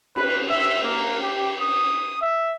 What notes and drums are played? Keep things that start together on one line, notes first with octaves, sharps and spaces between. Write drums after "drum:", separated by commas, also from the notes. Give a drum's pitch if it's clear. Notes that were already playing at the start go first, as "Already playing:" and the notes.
B4, drum: cymbal
E5
A#3
G4
D#6
E5